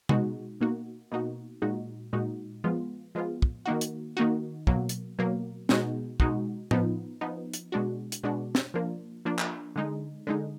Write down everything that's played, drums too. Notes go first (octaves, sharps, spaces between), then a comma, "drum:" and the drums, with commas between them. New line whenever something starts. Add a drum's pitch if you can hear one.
B2 G#3 D#4 F#4, drum: tom C3
B2 A#3 D#4 F#4
B2 A#3 D#4 F#4
A#2 G#3 D#4 F#4
A#2 G#3 D#4 F#4
F3 G#3 B3 F4
F3 G#3 B3 F4
drum: kick
D#3 A#3 D#4 F#4
drum: hi-hat
D#3 A#3 D#4 F#4
B2 F#3 A#3, drum: kick
drum: hi-hat
B2 F#3 A#3
B2 G#3 D#4 F#4, drum: snare
B2 G#3 D#4 F#4, drum: kick
F3 B3 D#4, drum: tom A2
F3 B3 D#4
drum: hi-hat
B2 G#3 D4 F#4
drum: hi-hat
B2 G#3 D4 F#4
drum: snare
F3 A#3 D4 F4
F3 A#3 D4 F4
drum: clap
D3 G#3 D#4
D3 G#3 D#4